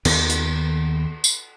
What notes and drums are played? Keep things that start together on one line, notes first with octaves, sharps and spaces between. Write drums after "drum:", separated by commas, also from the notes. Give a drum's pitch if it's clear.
D#2 D#3 B3, drum: cymbal
drum: hi-hat
drum: tambourine